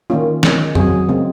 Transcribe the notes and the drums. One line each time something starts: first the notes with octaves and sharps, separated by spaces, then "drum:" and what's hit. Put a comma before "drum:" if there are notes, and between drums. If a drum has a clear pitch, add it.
D#3 A#3 C#4 F4
D#3 G#3 C#4, drum: snare
F#3 C4 G#4, drum: tom F2
C#3 G#3 C4